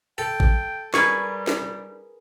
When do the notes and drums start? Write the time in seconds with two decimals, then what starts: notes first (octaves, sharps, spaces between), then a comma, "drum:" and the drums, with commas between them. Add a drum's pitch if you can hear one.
0.18 A4 G5
0.40 drum: kick A1
0.94 G3 G#4 A#4 B4 C#6 G#6, drum: snare
1.47 drum: snare